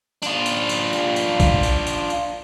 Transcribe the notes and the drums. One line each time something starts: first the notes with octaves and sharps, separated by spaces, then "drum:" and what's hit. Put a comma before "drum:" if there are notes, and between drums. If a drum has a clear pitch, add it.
D4 F4, drum: tambourine
drum: tambourine
drum: tambourine
drum: tambourine
drum: tambourine
drum: kick B1, tambourine
drum: tambourine
drum: tambourine
drum: tambourine